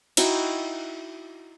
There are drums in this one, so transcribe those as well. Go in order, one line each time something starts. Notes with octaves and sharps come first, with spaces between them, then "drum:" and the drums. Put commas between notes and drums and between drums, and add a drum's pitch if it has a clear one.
D#4 E4 F#4 G5, drum: cymbal